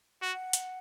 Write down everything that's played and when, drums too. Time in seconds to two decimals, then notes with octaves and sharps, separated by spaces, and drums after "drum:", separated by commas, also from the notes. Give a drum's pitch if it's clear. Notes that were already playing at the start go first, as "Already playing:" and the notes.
0.22 F#4 F#5
0.53 drum: hi-hat